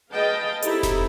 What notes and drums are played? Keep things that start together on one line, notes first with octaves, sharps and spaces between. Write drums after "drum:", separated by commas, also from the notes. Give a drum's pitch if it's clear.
G#4 B4 D#5 F5 G5 A5
C4 D#4 E4 G4 A4, drum: hi-hat
drum: snare F1